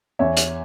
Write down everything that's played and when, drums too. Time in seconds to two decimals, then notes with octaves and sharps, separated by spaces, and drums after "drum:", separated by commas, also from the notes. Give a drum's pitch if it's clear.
0.19 E2 C#5 E5
0.37 drum: hi-hat